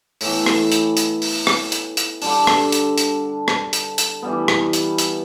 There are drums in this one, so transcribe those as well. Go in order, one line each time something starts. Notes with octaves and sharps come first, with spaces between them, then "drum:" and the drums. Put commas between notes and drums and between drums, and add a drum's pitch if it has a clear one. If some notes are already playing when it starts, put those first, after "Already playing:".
A2 E3 B3, drum: open hi-hat
drum: rim click
drum: hi-hat
drum: hi-hat
drum: open hi-hat
drum: rim click
drum: hi-hat
drum: hi-hat
D3 G3 D4, drum: open hi-hat
drum: rim click
drum: hi-hat
drum: hi-hat
drum: rim click
drum: hi-hat
drum: hi-hat
E3 G3 B3
drum: rim click
drum: hi-hat
drum: hi-hat